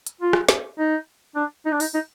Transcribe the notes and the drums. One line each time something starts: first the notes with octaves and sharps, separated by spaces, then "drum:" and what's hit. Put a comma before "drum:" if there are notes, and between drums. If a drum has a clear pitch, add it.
drum: hi-hat
F4
drum: rim click
drum: snare
D#4
D4
D#4
D4
D#4, drum: open hi-hat
D#4